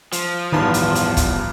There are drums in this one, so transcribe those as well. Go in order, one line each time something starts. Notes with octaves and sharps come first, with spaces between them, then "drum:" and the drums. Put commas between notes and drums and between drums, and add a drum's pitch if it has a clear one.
F3, drum: hi-hat
A1 E2 G2 D#3 A5
drum: hi-hat
drum: hi-hat
drum: kick, hi-hat